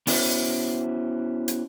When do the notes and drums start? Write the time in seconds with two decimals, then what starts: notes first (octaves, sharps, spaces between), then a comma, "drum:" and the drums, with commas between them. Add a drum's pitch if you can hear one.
0.07 B3 C#4 E4 F#4 A4 C5, drum: open hi-hat
1.48 drum: hi-hat